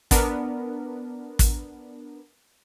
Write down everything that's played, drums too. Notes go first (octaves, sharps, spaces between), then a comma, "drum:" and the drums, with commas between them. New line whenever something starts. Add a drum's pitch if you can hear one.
B3 D4 A#4, drum: kick, hi-hat
drum: kick, hi-hat